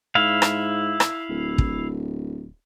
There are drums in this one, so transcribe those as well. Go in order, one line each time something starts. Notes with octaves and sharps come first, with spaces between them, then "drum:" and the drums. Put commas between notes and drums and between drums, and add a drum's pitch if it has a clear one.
G#2 E4 F5
drum: rim click
drum: rim click
D1
drum: kick